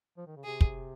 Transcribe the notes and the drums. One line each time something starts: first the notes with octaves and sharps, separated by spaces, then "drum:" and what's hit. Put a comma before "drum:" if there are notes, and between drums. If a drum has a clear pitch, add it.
F3
D#3
C#3
C3 G#4
drum: kick